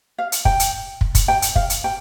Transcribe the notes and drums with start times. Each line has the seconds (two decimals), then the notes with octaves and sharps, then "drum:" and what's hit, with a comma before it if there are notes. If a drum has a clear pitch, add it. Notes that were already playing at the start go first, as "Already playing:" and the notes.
0.18 F5
0.32 drum: hi-hat
0.45 G5, drum: kick
0.60 drum: hi-hat
1.01 drum: kick
1.15 drum: kick, hi-hat
1.28 G5
1.42 drum: hi-hat
1.55 F5, drum: kick
1.70 drum: hi-hat
1.84 G5